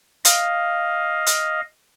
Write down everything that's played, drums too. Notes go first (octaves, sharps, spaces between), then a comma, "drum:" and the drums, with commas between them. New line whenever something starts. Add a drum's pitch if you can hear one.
D#5 F5, drum: hi-hat
drum: hi-hat